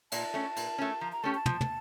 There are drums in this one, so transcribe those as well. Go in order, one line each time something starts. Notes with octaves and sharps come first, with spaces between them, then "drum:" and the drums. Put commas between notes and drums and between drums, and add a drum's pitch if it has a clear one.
A#2 A5, drum: cymbal
A3 C#4
A#2, drum: cymbal
A3 C#4
F3 A#5
A#5
A3 C#4 G4 A5
A5
F3, drum: tom
drum: tom